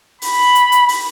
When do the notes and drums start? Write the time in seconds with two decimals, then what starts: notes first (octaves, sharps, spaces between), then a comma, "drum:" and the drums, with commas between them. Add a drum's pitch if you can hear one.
0.22 B5, drum: open hi-hat
0.55 drum: hi-hat
0.72 drum: hi-hat
0.89 drum: open hi-hat